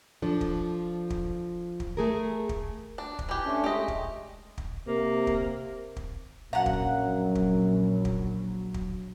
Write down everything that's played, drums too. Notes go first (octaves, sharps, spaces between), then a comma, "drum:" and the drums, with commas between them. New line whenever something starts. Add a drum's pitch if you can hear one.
F3 D4 A4
drum: kick
drum: kick
drum: kick
A3 G#4 A#4
drum: kick
D4
drum: kick
E3 G4
A3 C#4 D4
G#3 A3 G4 D#5
drum: kick
drum: kick
C3 A#3
drum: kick
drum: kick
A#1 F#2 F#3 F5 F#5 A#5
drum: kick
drum: kick
drum: kick
drum: kick